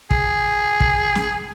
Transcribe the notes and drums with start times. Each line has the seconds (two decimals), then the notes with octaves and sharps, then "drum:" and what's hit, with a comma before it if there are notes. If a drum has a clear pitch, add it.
0.11 G#4, drum: kick
0.80 drum: kick
1.15 drum: snare